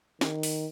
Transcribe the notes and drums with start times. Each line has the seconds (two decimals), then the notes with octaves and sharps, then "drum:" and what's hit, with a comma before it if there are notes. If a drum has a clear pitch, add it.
0.21 D#3, drum: snare
0.43 drum: open hi-hat